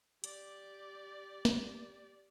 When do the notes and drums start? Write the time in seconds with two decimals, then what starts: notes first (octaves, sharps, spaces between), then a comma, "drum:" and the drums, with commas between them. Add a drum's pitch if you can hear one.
0.24 G4 D5, drum: hi-hat
1.45 drum: snare